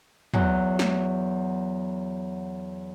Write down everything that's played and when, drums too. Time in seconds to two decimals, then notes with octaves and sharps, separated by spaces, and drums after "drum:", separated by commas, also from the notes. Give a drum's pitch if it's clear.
0.34 E2 F#3, drum: tom
0.79 drum: snare